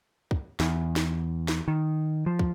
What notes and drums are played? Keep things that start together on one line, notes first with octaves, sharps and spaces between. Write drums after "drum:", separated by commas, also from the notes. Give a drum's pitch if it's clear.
drum: kick
E2, drum: snare
drum: snare
drum: snare
D#3
F3
drum: kick